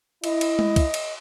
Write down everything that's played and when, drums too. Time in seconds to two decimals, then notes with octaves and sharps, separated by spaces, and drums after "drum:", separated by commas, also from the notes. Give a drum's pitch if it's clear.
0.24 E4 D#5, drum: cymbal
0.41 drum: cymbal
0.59 drum: tom G#3
0.76 drum: kick, cymbal
0.94 drum: cymbal